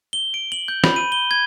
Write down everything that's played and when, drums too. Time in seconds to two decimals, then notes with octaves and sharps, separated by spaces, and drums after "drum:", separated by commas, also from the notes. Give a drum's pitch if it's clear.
0.13 G7
0.34 D7
0.52 F#7
0.68 G6
0.84 B5, drum: snare
0.96 D#7
1.12 G7
1.31 G#6